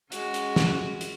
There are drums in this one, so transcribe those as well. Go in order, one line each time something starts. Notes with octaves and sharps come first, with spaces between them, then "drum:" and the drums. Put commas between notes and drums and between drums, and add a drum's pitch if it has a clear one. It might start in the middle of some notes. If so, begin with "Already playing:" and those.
G#3 C#4 F#4, drum: hi-hat
drum: hi-hat
drum: snare
drum: hi-hat